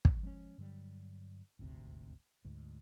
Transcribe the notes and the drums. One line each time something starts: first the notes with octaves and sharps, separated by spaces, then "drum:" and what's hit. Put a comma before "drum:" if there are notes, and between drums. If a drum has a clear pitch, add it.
drum: kick
F3 G#3 C4 C#4
G2 D3 F#3 G3
D#1 G#1 D2 C3
D2 G#2